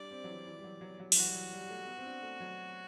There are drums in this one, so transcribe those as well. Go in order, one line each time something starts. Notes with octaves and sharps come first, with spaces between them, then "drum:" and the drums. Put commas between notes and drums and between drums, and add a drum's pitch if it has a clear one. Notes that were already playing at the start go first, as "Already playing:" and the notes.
Already playing: G3 D4 D5
C4
F#3
E3
E3
G3
F#3
F#3
F#3
F#3, drum: open hi-hat
E3 F#4
G3
F#3
G3
A3
A3
B3
C4
D4
A3
F#3